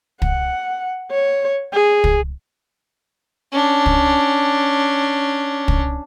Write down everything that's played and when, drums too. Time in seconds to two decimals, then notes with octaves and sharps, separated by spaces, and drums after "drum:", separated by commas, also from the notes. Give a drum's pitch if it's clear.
0.22 F#5, drum: kick
1.11 C#5
1.73 G#4
2.04 drum: kick
3.52 C#4 D4
3.86 drum: kick
5.68 drum: kick